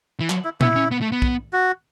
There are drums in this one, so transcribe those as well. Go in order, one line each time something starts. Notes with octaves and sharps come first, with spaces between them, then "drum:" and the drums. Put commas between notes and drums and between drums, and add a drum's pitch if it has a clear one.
E3
F#3, drum: clap
E4
B3 E4, drum: tom A#2
C#4
B3
A3
B3
drum: kick
F#4